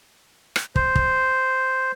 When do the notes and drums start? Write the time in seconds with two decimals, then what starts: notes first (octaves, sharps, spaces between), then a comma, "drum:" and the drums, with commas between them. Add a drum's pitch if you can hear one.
0.56 drum: rim click
0.76 C5, drum: kick
0.95 drum: kick